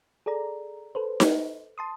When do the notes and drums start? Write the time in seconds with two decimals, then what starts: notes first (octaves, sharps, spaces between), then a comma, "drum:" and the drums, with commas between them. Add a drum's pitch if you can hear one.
0.26 G#4 A4 D5 A#5
0.95 A4 B4 C5
1.20 drum: snare D#4
1.78 A5 C6 D#6